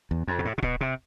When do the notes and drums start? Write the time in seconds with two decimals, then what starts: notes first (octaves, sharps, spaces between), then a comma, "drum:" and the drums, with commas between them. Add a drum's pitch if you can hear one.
0.11 E2
0.27 F2
0.39 B2
0.45 A2
0.58 C3
0.63 B2, drum: kick
0.81 C3